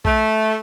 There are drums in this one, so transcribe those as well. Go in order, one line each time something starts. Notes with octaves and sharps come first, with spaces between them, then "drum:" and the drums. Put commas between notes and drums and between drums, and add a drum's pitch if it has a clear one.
A3, drum: kick A#1